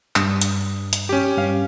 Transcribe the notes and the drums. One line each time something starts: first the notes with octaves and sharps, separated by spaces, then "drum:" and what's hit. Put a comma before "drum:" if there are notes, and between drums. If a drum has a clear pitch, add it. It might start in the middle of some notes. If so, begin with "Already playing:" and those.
G2 D4 D#6, drum: clap
drum: hi-hat
drum: hi-hat
C#4 G4
G2 F5